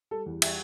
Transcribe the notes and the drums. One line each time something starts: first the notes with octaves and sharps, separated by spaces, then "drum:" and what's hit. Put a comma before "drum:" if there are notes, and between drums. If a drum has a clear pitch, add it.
G3 A4
E2
G3 E5, drum: cymbal